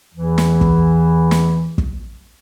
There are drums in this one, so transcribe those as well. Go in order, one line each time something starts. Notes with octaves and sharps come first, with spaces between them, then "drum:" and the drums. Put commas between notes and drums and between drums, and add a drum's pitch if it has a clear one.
E2 E3
drum: snare
drum: kick
drum: snare
drum: kick